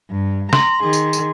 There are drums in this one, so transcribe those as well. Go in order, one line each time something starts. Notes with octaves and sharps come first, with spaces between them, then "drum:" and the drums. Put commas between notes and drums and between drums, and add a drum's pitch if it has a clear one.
G2
A#5 C6, drum: snare
D#3 G#4
drum: tambourine
drum: tambourine